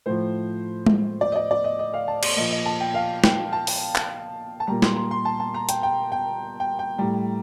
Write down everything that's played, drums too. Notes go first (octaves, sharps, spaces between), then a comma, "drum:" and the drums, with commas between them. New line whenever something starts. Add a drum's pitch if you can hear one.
A2 F3 C5
drum: tom G#3
D5
D#5
D5
D5
D#5
D#5
F5
A5
C6, drum: cymbal
A#2 F3 D#5
D#5
A5
G5
F5
G5, drum: snare
A5
drum: open hi-hat
drum: clap
A5
A#2 G3 A#5
C6, drum: snare
C6
C6
A5
A5
A#5
G5, drum: hi-hat
G5
G5
G5
G5
A2 G3 A#5